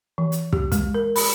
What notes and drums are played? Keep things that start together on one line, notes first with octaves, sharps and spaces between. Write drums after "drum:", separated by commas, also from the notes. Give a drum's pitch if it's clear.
E3
drum: hi-hat
G4, drum: kick
G#3, drum: kick, hi-hat
A#4
B5, drum: open hi-hat